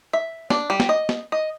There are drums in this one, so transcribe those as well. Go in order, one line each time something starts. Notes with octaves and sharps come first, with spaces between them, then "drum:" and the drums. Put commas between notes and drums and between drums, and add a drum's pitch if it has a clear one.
E5
D4, drum: snare
G3
drum: snare
D#5
drum: snare
D#5